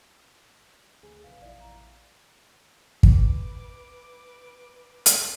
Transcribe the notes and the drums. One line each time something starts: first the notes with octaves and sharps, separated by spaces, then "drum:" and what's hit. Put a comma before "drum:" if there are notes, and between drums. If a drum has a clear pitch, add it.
D2 G#4
F1 B1 B4 F5
A1 E4 C5 D5 F5
A#5
B4 D6, drum: kick
drum: hi-hat